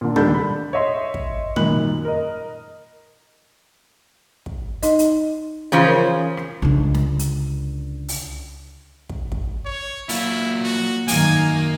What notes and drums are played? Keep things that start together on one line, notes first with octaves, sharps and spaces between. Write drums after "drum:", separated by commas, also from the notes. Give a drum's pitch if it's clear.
A#2 D3
D#2 D4 A4 B5 G6, drum: tom
B5
C#5 D#5 E5 C6
drum: kick
F#2 A#2 D#3 B5 F#6 F#7, drum: tom
A#4 D#5
drum: kick
D#4 D#5, drum: hi-hat
drum: hi-hat
C#3 E3 F3 C#4 A#5
A#4 C#5
drum: rim click
C#2 D3
drum: snare
drum: hi-hat
drum: open hi-hat
drum: kick
drum: kick
C#5
A#2 F#3 E4 F4, drum: open hi-hat
F#4
F#2 D#3 A#3 G#5, drum: open hi-hat